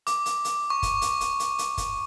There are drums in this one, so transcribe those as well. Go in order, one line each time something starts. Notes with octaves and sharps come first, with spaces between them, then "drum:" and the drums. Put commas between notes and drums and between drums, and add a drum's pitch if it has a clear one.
D6, drum: hi-hat
drum: hi-hat
drum: hi-hat
C#6
drum: kick, hi-hat
drum: hi-hat
drum: hi-hat
drum: hi-hat
drum: hi-hat
drum: kick, hi-hat